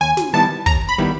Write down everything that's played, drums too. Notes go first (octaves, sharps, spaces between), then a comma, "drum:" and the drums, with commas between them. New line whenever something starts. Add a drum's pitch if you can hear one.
D#2 G#5
drum: snare
D#3 G3 B3 E4 A5
D#2 A#5, drum: kick
B5
D#3 G3 B3 E4